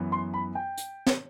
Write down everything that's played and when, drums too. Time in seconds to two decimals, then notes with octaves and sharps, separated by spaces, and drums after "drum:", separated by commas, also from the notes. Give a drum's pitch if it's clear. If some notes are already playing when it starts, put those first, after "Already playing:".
Already playing: F#2 E3 B3
0.12 C6
0.34 B5
0.55 G5
0.77 drum: hi-hat
1.07 drum: snare